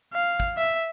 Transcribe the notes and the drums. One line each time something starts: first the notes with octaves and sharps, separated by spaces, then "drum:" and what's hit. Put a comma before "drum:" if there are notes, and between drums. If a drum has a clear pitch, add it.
F5
drum: kick
E5, drum: hi-hat